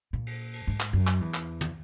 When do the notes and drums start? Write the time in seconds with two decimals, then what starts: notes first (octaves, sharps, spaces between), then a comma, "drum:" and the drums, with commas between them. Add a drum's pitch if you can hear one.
0.13 A#2
0.27 drum: cymbal
0.53 drum: cymbal
0.67 G#2
0.80 drum: clap
0.93 F#2
1.07 drum: clap
1.21 E2
1.34 drum: clap
1.61 drum: tom